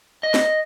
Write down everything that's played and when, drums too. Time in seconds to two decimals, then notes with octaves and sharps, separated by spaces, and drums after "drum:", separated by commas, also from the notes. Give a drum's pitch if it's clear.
0.23 D#5
0.34 drum: snare